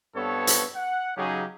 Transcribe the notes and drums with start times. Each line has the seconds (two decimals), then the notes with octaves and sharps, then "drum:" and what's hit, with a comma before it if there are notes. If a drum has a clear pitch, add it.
0.16 G2 B3 C4 A4 C#5
0.47 drum: hi-hat
0.76 F#5
1.17 C#3 F#3 C#4 D#4 G4 G#4